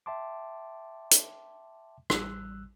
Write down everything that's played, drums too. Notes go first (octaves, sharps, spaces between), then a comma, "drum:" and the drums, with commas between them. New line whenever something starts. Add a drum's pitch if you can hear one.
E5 G5 A5 C6 D6
drum: hi-hat
A1 G3 E6 F#6, drum: rim click